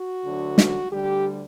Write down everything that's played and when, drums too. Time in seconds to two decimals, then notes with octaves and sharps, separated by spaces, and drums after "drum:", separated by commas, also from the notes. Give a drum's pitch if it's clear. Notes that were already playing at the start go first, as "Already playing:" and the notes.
Already playing: F#4
0.24 D2 D3 F#3
0.58 drum: snare
0.90 D2 D3 G3 G4